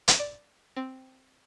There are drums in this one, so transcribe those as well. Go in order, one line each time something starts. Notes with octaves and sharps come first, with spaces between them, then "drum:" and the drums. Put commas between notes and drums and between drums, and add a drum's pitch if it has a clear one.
drum: hi-hat
D5
C4